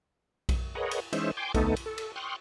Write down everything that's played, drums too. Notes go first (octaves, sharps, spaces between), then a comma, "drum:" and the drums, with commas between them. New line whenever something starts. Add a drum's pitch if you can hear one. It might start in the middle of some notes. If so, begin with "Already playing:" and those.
drum: kick B1, cymbal
G#4 A#4 B4 C#5 D#5 F#5
drum: cymbal
E3 G#3 C#4 D#4 C5 E5, drum: cymbal
G5 G#5 C6 D6
D2 A3 B3 D#4 A4, drum: kick B1, cymbal
drum: cymbal
A4
drum: cymbal
G5 C6 C#6 D#6 F6 F#6